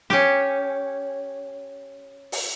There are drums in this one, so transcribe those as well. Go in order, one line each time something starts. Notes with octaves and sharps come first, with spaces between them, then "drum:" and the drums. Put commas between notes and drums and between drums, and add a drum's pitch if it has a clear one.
C#4 G4, drum: snare
drum: open hi-hat